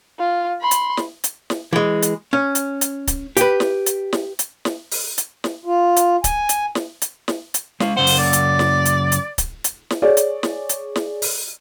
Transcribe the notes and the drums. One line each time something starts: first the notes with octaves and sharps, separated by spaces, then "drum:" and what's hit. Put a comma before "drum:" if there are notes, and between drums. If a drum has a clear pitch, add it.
F4
B5 C6
drum: hi-hat
drum: snare
drum: hi-hat
drum: snare
E3 G#3
drum: hi-hat
C#4
drum: hi-hat
drum: hi-hat
drum: kick D1, hi-hat
G4 B4, drum: hi-hat
drum: snare
drum: hi-hat
drum: snare
drum: hi-hat
drum: snare
drum: open hi-hat
drum: hi-hat
drum: snare
F4
drum: hi-hat
G#5, drum: kick D1, hi-hat
drum: hi-hat
drum: snare
drum: hi-hat
drum: snare
drum: hi-hat
G#3 F5, drum: snare
F#2 C#3 C5 F#5
drum: open hi-hat
D5
drum: hi-hat
drum: snare
drum: hi-hat
drum: hi-hat
drum: kick D1, hi-hat
drum: hi-hat
drum: snare
G#4 C#5 D5
drum: hi-hat
drum: snare
drum: hi-hat
drum: snare
drum: open hi-hat